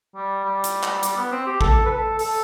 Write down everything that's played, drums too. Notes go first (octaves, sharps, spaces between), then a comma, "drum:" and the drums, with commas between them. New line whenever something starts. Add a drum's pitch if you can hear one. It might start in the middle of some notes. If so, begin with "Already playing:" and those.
G3
G3
drum: hi-hat
drum: clap
G3, drum: hi-hat
B3
C4
G4
A4, drum: kick A1
B4
A4
A4, drum: open hi-hat